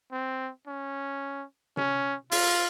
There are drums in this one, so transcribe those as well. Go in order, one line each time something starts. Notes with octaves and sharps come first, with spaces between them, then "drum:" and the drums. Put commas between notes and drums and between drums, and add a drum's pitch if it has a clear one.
C4
C#4
C#4, drum: tom C3
F4, drum: open hi-hat